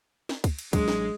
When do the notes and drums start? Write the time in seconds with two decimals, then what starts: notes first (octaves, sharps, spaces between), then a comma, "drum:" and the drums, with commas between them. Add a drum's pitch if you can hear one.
0.29 drum: snare
0.44 drum: kick, cymbal
0.59 drum: cymbal
0.73 A1 F#3 G#3 D4, drum: kick, cymbal
0.88 drum: snare